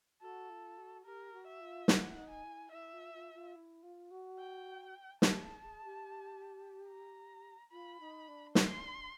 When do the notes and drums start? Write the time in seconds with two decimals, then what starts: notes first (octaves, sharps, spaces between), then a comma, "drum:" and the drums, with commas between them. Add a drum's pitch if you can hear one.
0.21 F#4 A4
0.49 F4
0.77 F#4
1.05 G4 A#4
1.33 F#4
1.47 E5
1.60 F4
1.88 E4 F#5, drum: snare
2.16 D#4
2.30 G#5
2.44 E4
2.72 E4 E5
2.93 F4
3.14 F4
3.34 F4
3.55 E4
3.83 F4
4.10 F#4
4.39 G5
5.22 G4 A5, drum: snare
5.43 G#4
5.63 G#4
5.84 G4
6.88 A#5
7.71 F4 B5
8.00 D#4
8.28 D4
8.55 C#4 C6, drum: snare
8.83 D4